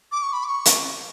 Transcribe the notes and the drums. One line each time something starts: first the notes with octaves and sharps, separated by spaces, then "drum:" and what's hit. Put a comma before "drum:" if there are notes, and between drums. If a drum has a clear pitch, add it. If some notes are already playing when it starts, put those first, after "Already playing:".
D6
C#6
B5
D6
C#6
drum: hi-hat